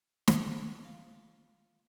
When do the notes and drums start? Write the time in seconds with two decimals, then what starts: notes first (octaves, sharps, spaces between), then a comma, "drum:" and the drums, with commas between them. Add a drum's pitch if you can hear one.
0.28 drum: snare
0.84 F4